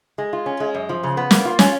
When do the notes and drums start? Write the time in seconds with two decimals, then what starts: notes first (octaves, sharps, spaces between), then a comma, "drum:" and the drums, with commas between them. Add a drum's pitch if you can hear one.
0.18 G#3
0.33 F4
0.46 C#4
0.60 G#3
0.75 F#2
0.89 F3
1.03 C#3
1.17 B3
1.31 A#3, drum: snare
1.45 F4
1.59 C#4, drum: snare